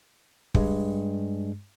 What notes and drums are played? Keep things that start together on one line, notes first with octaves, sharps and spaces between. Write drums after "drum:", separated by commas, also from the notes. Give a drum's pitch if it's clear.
G2 G#3, drum: kick